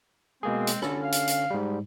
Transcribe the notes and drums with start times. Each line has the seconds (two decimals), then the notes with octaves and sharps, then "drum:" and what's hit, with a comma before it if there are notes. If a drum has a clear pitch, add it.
0.43 B2 G#3 A#3 C4 G#4
0.67 drum: hi-hat
0.82 D3 C#4 A4, drum: rim click
1.03 F5
1.12 drum: hi-hat
1.27 drum: hi-hat
1.50 G#2 G3